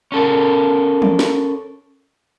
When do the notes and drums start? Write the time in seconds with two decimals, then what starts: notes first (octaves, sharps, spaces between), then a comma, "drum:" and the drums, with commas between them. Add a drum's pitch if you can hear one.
0.12 C#4 A4 A#4
1.02 drum: tom
1.19 drum: snare